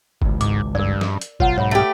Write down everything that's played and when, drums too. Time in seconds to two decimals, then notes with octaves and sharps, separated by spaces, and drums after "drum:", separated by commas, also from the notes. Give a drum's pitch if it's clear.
0.22 G#1 C#2, drum: kick G1
0.41 G#2 D6, drum: hi-hat
0.75 G2 A#4 D5
1.01 drum: snare
1.21 drum: hi-hat
1.40 B1 F4 C#5 F#5 A#5, drum: kick G1
1.58 G#2 C#5 E5 B5
1.71 A3 G4